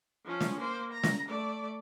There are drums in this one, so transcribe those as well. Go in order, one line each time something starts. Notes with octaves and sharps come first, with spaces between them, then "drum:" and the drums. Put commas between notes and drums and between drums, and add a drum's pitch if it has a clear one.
F3 C#4
drum: snare
A#3 C5
A#5
drum: snare
A3 D5